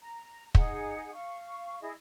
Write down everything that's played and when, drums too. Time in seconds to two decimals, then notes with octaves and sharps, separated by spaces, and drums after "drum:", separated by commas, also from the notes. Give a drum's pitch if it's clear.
0.01 A#5
0.55 D#4 G#4 F#5, drum: kick
1.13 F5 C#6
1.80 E4 G#4 D#5